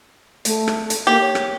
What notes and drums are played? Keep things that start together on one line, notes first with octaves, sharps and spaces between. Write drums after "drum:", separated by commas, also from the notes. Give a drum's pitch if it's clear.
A3, drum: hi-hat
drum: rim click
drum: hi-hat
A#3 G4
C#5
drum: rim click